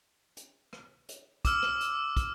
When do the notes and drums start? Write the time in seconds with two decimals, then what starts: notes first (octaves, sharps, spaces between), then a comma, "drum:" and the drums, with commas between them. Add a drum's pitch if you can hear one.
0.37 drum: hi-hat
0.73 drum: rim click
1.09 drum: hi-hat
1.45 D6 E6 F6, drum: kick, hi-hat
1.63 drum: rim click
1.81 drum: hi-hat
2.17 drum: kick, hi-hat